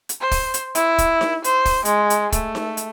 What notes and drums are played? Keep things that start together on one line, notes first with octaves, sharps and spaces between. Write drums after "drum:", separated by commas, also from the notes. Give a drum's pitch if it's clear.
drum: hi-hat
C5
drum: kick, open hi-hat
drum: hi-hat
E4, drum: hi-hat
drum: kick, hi-hat
drum: snare D#4
C5, drum: hi-hat
drum: kick, open hi-hat
G#3, drum: hi-hat
drum: hi-hat
A3, drum: kick, hi-hat
drum: snare D#4
drum: hi-hat